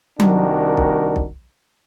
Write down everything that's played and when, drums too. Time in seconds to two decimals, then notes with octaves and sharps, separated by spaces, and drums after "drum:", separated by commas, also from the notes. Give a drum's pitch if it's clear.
0.20 C2 D#3 D4 F#4 A#4, drum: tom F#3
0.77 drum: kick B1
1.16 drum: kick B1